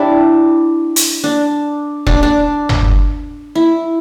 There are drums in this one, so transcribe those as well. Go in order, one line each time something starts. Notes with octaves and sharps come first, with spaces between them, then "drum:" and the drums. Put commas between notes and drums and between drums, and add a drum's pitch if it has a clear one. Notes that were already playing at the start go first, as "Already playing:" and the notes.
Already playing: D4 E4 G4
drum: hi-hat
D4
D4, drum: kick E1
D4
drum: tom G1
E4